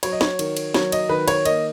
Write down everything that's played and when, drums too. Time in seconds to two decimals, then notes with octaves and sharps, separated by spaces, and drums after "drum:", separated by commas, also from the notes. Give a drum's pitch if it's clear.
0.03 F#3 C#5, drum: cymbal
0.12 D#5
0.21 C#5, drum: snare
0.39 D#3, drum: cymbal
0.57 drum: cymbal
0.74 F#3 C#5, drum: snare
0.92 D#5, drum: cymbal
1.09 D#3 B4
1.28 C#5, drum: cymbal
1.45 A#3 D#5, drum: cymbal